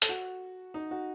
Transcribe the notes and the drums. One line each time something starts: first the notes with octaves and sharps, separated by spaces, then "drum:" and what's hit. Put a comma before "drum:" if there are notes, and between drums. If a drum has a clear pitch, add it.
A4, drum: hi-hat
F#4
D#4
F#4